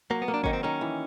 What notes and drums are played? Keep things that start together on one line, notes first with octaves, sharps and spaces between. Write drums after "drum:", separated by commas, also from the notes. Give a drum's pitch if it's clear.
F#3 A#3
B3
A#3
D4
D#3 C#4, drum: kick
C4
D#3 C#4
E3